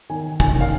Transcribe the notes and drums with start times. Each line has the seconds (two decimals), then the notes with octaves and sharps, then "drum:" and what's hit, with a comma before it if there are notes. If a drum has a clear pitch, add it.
0.10 D#3 G#5
0.40 G#5, drum: kick
0.54 D#3
0.61 F5